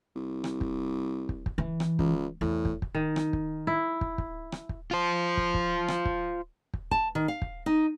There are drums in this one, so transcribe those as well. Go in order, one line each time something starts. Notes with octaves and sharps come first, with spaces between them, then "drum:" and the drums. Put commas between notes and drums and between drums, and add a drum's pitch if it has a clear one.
C2
drum: rim click
drum: kick
drum: kick
drum: kick
E3
drum: rim click
C#2, drum: kick
E2 A2
drum: kick
drum: kick
D#3
drum: rim click
drum: kick
E4
drum: kick
drum: kick
drum: rim click
drum: kick
F4 C5
drum: kick
drum: kick
drum: rim click
drum: kick
drum: kick
A5, drum: kick
D#3
F5
drum: kick
D#4